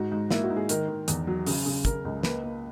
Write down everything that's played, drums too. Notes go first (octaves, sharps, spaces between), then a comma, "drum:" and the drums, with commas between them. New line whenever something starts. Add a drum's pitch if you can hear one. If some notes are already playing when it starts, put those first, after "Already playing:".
Already playing: G#2 F#4
G#2
A#3 E4, drum: snare
F#4
G#2
G#4
D#3 A#4, drum: hi-hat
D#3
E2, drum: hi-hat
F#3
C#3, drum: open hi-hat
C#3
C#3 A#4, drum: kick, hi-hat
C#2
A#3 B4, drum: snare
A#3